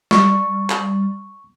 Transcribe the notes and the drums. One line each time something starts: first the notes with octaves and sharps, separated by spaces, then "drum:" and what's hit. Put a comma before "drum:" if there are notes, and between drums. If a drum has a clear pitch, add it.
G3 C#6, drum: snare
drum: clap